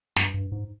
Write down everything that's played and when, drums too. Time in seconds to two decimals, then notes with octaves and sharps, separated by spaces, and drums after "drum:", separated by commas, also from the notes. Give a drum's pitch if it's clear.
0.16 G2, drum: snare
0.34 G2
0.52 G#2